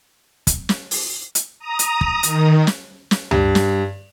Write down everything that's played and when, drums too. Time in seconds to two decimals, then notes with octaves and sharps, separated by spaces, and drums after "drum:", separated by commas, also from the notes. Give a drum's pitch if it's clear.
0.47 drum: kick, hi-hat
0.69 drum: snare
0.91 drum: open hi-hat
1.35 drum: hi-hat
1.59 A#5 D#6
1.79 drum: hi-hat
2.01 drum: kick
2.23 D#3, drum: hi-hat
2.67 drum: snare
3.11 drum: snare
3.31 G2, drum: tom C#2
3.55 drum: snare